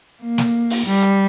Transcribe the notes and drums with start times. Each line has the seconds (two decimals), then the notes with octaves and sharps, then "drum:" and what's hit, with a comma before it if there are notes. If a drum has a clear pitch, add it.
0.22 A#3
0.38 drum: snare
0.70 drum: open hi-hat
0.86 G3
1.03 drum: hi-hat